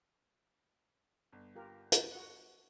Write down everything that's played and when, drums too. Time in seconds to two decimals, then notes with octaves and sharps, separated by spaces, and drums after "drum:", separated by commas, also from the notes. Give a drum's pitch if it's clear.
1.32 G1
1.55 F4 G4 A#4
1.92 drum: hi-hat
2.12 F#4 F#5